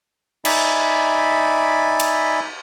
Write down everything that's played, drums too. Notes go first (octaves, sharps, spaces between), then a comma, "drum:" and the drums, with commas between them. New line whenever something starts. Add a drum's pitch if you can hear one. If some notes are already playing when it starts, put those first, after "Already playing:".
D#4 D5 E5 G#5 B5, drum: cymbal
drum: cymbal